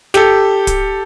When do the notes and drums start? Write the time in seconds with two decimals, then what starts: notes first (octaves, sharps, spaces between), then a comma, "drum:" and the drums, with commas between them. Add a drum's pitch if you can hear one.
0.14 G4 A4, drum: snare
0.67 drum: kick D1, hi-hat